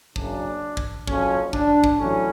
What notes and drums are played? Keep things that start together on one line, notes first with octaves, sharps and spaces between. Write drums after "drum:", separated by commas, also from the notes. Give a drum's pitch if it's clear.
F#1 F#2 C#3 D4, drum: kick
drum: kick
F#1 F2 C#3 F#3 C#4, drum: kick
D4, drum: kick
drum: kick
A1 A2 F#3 C#4